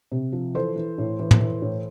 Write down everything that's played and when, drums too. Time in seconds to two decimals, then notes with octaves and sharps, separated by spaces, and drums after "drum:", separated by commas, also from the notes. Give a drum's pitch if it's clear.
0.12 C3
0.33 F3
0.54 E3 A4 C5
0.76 E3
0.98 A2
1.19 E3
1.31 drum: tom
1.40 E3
1.62 A2